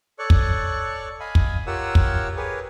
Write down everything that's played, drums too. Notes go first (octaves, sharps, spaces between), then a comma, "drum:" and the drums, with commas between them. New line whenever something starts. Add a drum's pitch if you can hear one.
A4 C#5 D5 C#6 F#6
drum: kick
D#5 F5 G#5 B5
drum: kick
F4 G4 A#4 C#5 F#5 E6
drum: kick
G4 G#4 A#4 B4 C#5